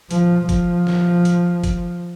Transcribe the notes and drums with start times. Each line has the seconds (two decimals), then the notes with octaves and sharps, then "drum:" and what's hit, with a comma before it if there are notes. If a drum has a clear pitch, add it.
0.11 F3, drum: hi-hat
0.49 F3, drum: kick, hi-hat
0.87 drum: snare
1.25 drum: hi-hat
1.64 drum: kick, hi-hat